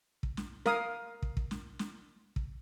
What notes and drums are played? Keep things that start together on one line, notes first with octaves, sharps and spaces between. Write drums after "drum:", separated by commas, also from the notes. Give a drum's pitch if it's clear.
drum: kick
drum: snare
A#4 F5 D#6, drum: snare
drum: kick
drum: kick
drum: snare
drum: snare
drum: kick